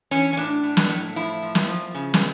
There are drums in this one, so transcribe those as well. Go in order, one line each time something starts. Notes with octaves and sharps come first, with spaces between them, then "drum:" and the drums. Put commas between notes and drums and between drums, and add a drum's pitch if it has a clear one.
E3 C#4
C#4
A2 D4
A2
drum: snare
A2
F3 E4
F3
drum: snare
F3
C#3
drum: snare